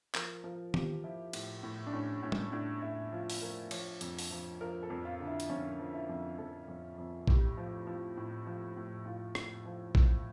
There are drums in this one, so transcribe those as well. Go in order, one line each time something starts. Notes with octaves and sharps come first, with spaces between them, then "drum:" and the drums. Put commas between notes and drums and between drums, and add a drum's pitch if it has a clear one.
F3 A#4, drum: clap
F3 A#4
F3 G4, drum: tom D#3
F3 E4
A2, drum: cymbal
A2
D4
A2 C#4
A2 C#4
drum: tom
A2 D4
A2 E4
F3 F4
drum: open hi-hat
F3 A#4
F3 C#5, drum: cymbal
F2, drum: hi-hat
drum: open hi-hat
F3
F3 A#4
A4
F2
F4
D3
E4
drum: hi-hat
F2 C#4
F3
E4
F2
F2 A4
F2
F2
A2 G4, drum: kick A#1
F3
F3
A2
F3
A2
A2 F4
A2, drum: rim click
F3
A2, drum: kick A#1